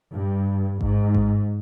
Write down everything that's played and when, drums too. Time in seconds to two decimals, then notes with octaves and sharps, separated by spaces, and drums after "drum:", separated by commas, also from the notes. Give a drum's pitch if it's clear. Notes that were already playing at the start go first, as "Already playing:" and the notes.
0.12 G2
0.81 G#2, drum: kick G#1
1.15 drum: kick G#1